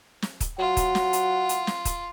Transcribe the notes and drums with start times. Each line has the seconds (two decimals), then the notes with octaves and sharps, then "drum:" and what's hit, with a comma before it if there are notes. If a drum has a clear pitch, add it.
0.22 drum: snare
0.41 drum: kick, hi-hat
0.59 F#3 F4 F#5
0.77 drum: kick, hi-hat
0.95 drum: snare
1.13 drum: hi-hat
1.49 drum: hi-hat
1.67 drum: snare
1.85 drum: kick, hi-hat